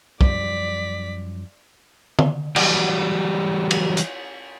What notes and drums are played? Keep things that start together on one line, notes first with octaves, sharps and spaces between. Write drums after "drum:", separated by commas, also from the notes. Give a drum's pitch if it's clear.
F#2 F3 G3 D5 B6, drum: kick
drum: tom D3
E3 F#3 G3 F#4 G4 D5, drum: cymbal
drum: cymbal
drum: hi-hat